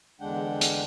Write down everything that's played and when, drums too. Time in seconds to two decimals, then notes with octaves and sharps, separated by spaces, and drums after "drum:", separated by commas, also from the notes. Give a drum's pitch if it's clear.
0.21 E2 D3 G#3 D4 F#5 G5
0.61 drum: hi-hat